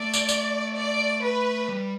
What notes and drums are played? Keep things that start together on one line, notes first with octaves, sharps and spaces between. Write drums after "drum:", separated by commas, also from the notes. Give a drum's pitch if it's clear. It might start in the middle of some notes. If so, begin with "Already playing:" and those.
Already playing: A3 D5
drum: tambourine
drum: tambourine
D5
B4
G3